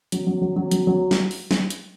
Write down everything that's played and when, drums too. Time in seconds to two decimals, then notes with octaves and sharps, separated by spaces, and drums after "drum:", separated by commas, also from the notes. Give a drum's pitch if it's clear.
0.12 F#3, drum: hi-hat
0.27 F#3
0.42 F#3
0.56 F#3
0.71 F#3, drum: hi-hat
0.87 F#3
1.11 drum: snare
1.31 drum: open hi-hat
1.51 drum: snare
1.70 drum: hi-hat